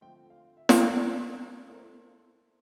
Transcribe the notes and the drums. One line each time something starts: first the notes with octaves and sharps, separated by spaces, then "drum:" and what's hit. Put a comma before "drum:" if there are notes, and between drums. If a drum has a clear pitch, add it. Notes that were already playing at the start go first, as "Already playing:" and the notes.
D3 F3 A3 C4 F4 G5
F5
E5
drum: snare
D5
A3 E4 A4 A#4 C5